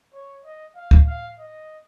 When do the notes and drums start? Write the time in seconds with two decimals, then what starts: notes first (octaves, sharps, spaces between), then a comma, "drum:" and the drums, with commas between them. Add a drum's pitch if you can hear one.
0.13 C#5
0.45 D#5
0.75 F5
0.91 drum: kick
1.06 F5
1.38 D#5